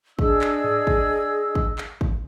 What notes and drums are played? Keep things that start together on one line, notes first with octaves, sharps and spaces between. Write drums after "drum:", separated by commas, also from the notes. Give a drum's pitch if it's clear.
D4 G#4 D#5 E6, drum: kick
drum: clap
drum: tom G#2
drum: kick
drum: kick
drum: clap
drum: kick